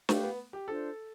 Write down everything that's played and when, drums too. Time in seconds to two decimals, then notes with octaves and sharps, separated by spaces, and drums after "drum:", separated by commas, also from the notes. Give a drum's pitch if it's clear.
0.09 A3 G4 B4 F5, drum: snare
0.23 B3
0.53 G4
0.68 D4 F4 A4 C5